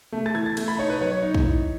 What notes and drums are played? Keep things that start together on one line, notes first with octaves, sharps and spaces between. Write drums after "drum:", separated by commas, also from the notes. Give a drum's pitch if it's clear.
A3
A6, drum: rim click
E3 G#6
A6
A3 G#6, drum: cymbal
B5
D#4 C#5
B4
F#3 C#5
C#5
D#4
drum: kick
E3